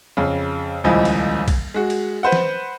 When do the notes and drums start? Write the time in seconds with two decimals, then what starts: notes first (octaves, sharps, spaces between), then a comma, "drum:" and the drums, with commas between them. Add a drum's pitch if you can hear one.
0.17 F2 C#3
0.84 D#1 C#2 E3 F3 D#5
1.05 drum: cymbal
1.48 drum: kick A#1, cymbal
1.74 G#3 F#4
1.90 drum: cymbal
2.23 B4 C5 F#5
2.32 drum: snare